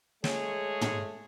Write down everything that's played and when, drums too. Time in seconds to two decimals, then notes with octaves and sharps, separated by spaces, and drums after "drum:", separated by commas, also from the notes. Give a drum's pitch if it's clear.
0.24 G#3 A3 G#4 C#5, drum: snare
0.81 drum: tom